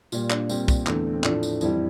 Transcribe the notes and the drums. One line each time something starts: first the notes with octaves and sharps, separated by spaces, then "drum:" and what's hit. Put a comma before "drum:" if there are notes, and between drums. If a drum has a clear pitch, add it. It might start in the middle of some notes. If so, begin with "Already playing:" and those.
A#2 G3 F4, drum: tambourine
D4, drum: clap
A#2 G3 C4, drum: tambourine
drum: kick, tambourine
E2 D3 A3, drum: clap
C4
A2 F3 A3 D4, drum: clap
drum: tambourine
F2 E3 G3 E4, drum: tambourine